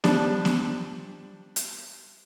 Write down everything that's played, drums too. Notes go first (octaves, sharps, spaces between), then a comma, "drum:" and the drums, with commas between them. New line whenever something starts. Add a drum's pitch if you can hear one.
F3 G3 D4, drum: snare B3
drum: snare B3
drum: hi-hat